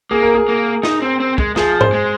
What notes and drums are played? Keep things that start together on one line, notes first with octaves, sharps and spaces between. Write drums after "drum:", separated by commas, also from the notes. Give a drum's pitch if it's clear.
A#3 G#4
A#4
G#4
A#3
D#4, drum: snare
C4
C4
G#3, drum: kick
F3 G#4, drum: snare
C5, drum: tom G#2
G#3